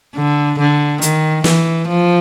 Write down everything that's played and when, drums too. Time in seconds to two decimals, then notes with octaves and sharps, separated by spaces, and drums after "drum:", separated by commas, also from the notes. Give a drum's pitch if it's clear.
0.15 D3
0.59 D3
1.02 D#3, drum: hi-hat
1.44 E3, drum: snare
1.88 F3